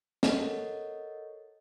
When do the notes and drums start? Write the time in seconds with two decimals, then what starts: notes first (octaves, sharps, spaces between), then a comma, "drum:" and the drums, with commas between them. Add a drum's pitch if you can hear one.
0.23 A4 A#4 C#5 D#5 F#5, drum: snare